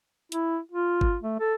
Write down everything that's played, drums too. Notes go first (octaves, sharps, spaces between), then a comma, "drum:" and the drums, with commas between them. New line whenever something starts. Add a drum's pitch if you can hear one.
E4, drum: hi-hat
F4
drum: kick
A3
A4